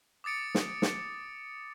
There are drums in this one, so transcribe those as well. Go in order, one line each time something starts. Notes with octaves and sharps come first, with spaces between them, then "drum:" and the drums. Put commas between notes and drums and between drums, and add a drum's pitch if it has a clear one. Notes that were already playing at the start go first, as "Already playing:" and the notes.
D6 D#6 A6 C#7 D7
drum: snare
drum: snare